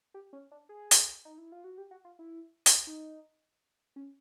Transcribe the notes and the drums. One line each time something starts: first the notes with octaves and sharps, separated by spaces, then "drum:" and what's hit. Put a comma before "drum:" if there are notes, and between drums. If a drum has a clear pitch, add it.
G4
C#4
D4
G#4
drum: hi-hat
D#4
E4
F4
F#4
G4
F#4
F4
E4
drum: hi-hat
D#4
C#4